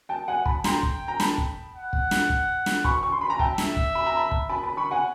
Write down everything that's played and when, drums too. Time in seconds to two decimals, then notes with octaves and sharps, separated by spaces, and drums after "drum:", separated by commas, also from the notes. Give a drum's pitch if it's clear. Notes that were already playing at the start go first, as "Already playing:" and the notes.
0.09 G5 A5
0.28 F#5 G#5
0.46 A5 B5, drum: kick
0.64 G5 A#5 C6, drum: snare
0.83 drum: kick
1.08 A#5
1.20 A5 B5, drum: snare
1.38 drum: kick
1.75 F#5
1.93 drum: kick
2.11 drum: snare
2.30 drum: kick
2.66 drum: snare
2.84 B5 C#6, drum: kick
3.03 C#6
3.12 C6
3.21 B5
3.30 A#5
3.39 E5 G5 A5, drum: kick
3.58 drum: snare
3.76 drum: kick
3.95 B5
4.06 A#5
4.16 A5 B5
4.31 drum: kick
4.49 A5 B5
4.63 A5 B5
4.77 B5 C#6
4.91 F#5 G#5